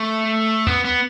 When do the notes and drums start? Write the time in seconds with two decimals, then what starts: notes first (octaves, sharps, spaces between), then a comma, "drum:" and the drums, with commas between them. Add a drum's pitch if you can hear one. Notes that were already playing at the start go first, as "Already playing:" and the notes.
Already playing: A3
0.67 B3, drum: tom D#2
0.85 B3